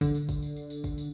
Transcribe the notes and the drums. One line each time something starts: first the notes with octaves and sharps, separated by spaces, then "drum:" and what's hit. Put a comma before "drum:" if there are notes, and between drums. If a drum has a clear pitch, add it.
D3, drum: kick, tambourine
drum: tambourine
drum: kick, tambourine
drum: tambourine
drum: tambourine
drum: tambourine
drum: kick, tambourine
drum: tambourine